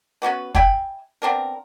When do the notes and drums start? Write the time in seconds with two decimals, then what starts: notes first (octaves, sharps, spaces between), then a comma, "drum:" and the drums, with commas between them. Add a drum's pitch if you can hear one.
0.22 B3 C#4 F#4 B4
0.55 E5 G5 G#5 B5, drum: kick
1.22 B3 C4 D4 A#4